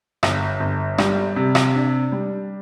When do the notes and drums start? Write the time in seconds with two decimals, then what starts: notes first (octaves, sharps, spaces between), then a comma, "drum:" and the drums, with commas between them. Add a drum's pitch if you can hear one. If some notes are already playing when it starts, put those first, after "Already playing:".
0.23 G1, drum: rim click
0.60 G1
0.98 G3, drum: rim click
1.36 C3
1.55 drum: rim click
1.74 D4
2.12 G3